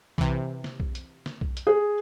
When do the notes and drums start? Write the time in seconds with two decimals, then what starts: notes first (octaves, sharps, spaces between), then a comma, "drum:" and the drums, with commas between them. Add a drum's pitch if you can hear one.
0.18 C3 E3, drum: kick B1
0.64 drum: snare
0.80 drum: kick B1
0.95 drum: hi-hat
1.26 drum: snare
1.41 drum: kick B1
1.57 drum: hi-hat
1.67 G#4